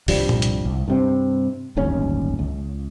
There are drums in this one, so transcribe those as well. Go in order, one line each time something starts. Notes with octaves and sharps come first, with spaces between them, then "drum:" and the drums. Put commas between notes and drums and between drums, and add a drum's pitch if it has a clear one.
C2 G2 F3 G3, drum: open hi-hat
drum: tom A#2
drum: hi-hat
C2
G2 C3 C4
D1 G1 D#2 C#4
C#2